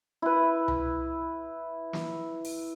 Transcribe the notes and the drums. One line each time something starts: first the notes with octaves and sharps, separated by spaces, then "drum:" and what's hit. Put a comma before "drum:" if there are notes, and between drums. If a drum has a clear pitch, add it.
E4 B4
drum: tom C2
drum: snare
drum: open hi-hat